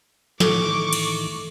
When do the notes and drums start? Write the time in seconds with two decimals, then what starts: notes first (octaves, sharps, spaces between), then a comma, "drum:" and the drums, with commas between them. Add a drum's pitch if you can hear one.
0.40 A2 D#3 E3 A4 C#6 D6, drum: snare
0.93 drum: cymbal